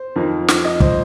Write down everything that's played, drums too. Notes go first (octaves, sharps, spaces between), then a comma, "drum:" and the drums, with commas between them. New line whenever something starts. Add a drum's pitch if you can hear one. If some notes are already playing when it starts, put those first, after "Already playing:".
Already playing: C5
F2 F3 D#4 A#4
drum: snare
D#5
C5, drum: kick